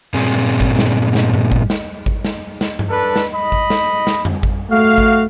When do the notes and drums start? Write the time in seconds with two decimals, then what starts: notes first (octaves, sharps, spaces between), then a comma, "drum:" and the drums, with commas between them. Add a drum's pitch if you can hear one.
0.14 G2 A#2 C4 G#4
0.60 drum: kick G#1
0.79 drum: snare
1.15 drum: snare
1.33 drum: tom G2
1.52 drum: kick G#1
1.70 drum: snare
2.06 drum: kick G#1
2.25 drum: snare
2.61 drum: snare
2.79 drum: tom G2
2.90 D4 A4 B4
3.16 drum: snare
3.34 D#5 B5
3.52 drum: kick G#1
3.70 drum: snare
4.07 drum: snare
4.25 drum: tom F2
4.43 drum: kick G#1
4.70 A3 F#4 F5
4.98 drum: kick G#1